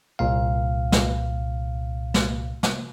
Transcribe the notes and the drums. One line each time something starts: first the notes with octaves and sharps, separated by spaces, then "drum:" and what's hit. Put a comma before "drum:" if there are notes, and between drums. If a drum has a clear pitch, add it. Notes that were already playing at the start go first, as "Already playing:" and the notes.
C2 A#2 F5
drum: snare
drum: snare
drum: snare